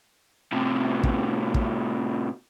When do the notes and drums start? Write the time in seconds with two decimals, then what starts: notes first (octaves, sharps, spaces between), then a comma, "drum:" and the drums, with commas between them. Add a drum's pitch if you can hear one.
0.53 A2 C3
1.03 drum: kick
1.54 drum: kick